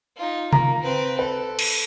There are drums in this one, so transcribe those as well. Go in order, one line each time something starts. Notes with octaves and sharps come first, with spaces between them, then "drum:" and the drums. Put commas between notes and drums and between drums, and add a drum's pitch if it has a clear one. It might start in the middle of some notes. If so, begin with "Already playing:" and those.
D#4 F4
A#3 A#5, drum: tom C3
C4 B4
A4 B4
drum: cymbal